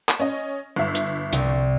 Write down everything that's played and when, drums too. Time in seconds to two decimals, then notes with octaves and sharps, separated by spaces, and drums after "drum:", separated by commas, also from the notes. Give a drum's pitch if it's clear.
0.09 drum: clap
0.20 C#4 D#5
0.76 G1 E5
0.95 drum: hi-hat
1.33 C2, drum: hi-hat